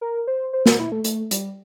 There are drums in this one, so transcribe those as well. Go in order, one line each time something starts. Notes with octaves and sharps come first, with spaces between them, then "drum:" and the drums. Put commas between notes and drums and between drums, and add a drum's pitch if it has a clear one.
A#4
C5
C5
A#4, drum: snare
E4
A3
A3, drum: hi-hat
G3, drum: hi-hat